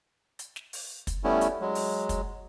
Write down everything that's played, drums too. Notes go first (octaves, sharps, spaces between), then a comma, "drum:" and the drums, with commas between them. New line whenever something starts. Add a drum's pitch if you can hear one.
drum: hi-hat
drum: snare
drum: open hi-hat
drum: kick, hi-hat
G3 A3 B3 C#4 E4
drum: hi-hat
F#3 G#3
drum: open hi-hat
drum: kick, hi-hat